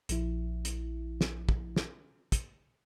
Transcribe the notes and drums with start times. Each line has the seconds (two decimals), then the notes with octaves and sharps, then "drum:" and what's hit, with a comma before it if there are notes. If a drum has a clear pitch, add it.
0.09 A#1 F3 E4, drum: hi-hat
0.65 drum: hi-hat
1.21 drum: snare
1.49 drum: kick
1.76 drum: snare
2.32 drum: kick, hi-hat